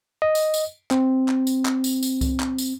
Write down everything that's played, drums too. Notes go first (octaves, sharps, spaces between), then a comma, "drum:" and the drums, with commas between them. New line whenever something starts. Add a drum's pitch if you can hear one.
D#5
drum: tambourine
drum: tambourine
C4, drum: clap
drum: clap
drum: tambourine
drum: clap
drum: tambourine
drum: tambourine
drum: kick C2, tambourine
drum: clap
drum: tambourine